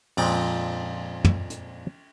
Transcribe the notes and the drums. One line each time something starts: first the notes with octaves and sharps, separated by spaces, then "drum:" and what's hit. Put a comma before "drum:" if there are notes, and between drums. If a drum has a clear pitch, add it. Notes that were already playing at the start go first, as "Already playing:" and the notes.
F2 A#2 F3 G#3, drum: cymbal
drum: tom
drum: hi-hat